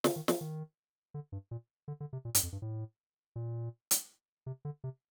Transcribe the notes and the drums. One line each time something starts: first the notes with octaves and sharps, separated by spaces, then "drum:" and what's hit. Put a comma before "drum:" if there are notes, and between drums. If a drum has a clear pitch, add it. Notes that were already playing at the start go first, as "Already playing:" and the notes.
D3, drum: snare
D#3
F3, drum: snare
D#3
D3
G2
A#2
D3
D3
C3
A#2
G2, drum: hi-hat
F2
G2
A2
A#2
drum: hi-hat
C3
D3
C3